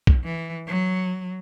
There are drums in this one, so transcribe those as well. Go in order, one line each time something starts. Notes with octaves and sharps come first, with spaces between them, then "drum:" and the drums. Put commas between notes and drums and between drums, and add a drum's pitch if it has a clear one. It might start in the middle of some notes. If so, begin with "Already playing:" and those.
drum: kick B1
E3
F#3